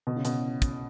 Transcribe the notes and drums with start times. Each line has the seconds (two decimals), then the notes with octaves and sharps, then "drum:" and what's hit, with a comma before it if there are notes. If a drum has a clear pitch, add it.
0.07 B2
0.16 C#3
0.25 B2, drum: hi-hat
0.62 drum: kick, hi-hat